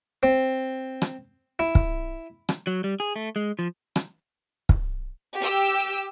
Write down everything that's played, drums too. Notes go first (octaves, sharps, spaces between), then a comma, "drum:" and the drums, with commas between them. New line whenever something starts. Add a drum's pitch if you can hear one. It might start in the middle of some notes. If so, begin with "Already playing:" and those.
C4
drum: rim click
E4
drum: kick
drum: rim click
F#3
G3
G#4
A3
G#3
F3
drum: rim click
drum: kick
G4 E6